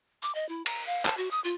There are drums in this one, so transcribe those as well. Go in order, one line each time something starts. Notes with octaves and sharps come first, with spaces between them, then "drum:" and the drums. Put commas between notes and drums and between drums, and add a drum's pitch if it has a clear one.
D6
D#5
E4
A#5, drum: cymbal
F5
A5, drum: clap
F#4
D#6
F4